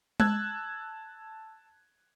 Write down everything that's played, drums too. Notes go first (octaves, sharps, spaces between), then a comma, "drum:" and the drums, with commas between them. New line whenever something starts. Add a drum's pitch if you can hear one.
A5 E6 F#6 G#6, drum: tom G#3